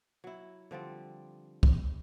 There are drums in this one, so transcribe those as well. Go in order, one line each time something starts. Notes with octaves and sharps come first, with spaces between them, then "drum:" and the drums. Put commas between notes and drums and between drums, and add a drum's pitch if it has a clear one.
F#3 E4
D3 F3 G3 C4
drum: kick